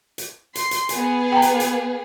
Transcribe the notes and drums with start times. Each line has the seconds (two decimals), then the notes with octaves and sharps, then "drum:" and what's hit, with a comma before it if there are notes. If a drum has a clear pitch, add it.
0.18 drum: hi-hat
0.55 C6, drum: hi-hat
0.71 drum: hi-hat
0.89 B3 G#4, drum: hi-hat
1.32 G5 A#5
1.42 drum: hi-hat
1.60 drum: hi-hat